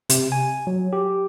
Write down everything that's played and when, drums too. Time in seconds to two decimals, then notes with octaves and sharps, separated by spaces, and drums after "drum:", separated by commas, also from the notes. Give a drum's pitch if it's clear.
0.10 C3, drum: hi-hat
0.32 G#5
0.67 F#3
0.93 G4